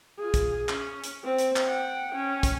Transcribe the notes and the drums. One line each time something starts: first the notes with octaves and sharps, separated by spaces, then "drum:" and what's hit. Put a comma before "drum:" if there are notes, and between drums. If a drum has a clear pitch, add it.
F4 G#4
drum: kick, hi-hat
C#4, drum: clap
drum: hi-hat
C4
drum: hi-hat
drum: clap
F#5 G5
C#4
drum: kick, hi-hat